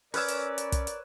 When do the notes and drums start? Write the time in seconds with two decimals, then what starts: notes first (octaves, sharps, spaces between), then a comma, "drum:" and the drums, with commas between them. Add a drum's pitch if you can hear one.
0.14 C#4 A#4 B4 C#5 D5 E6 F6, drum: open hi-hat
0.28 drum: hi-hat
0.58 drum: hi-hat
0.72 drum: kick, hi-hat
0.87 drum: hi-hat